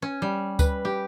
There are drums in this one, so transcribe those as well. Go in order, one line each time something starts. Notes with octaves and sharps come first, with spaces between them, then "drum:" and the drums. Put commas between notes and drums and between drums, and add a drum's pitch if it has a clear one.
C#4
G3
B4, drum: kick D2, tambourine
G4